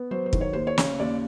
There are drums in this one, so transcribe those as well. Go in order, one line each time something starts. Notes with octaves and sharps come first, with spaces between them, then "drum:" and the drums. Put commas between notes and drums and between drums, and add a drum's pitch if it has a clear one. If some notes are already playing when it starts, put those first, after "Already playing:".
Already playing: B3
F#3 C5
C5
D#3, drum: kick
C#5
D#2 C5
C#5
C#3, drum: snare
D#2 D5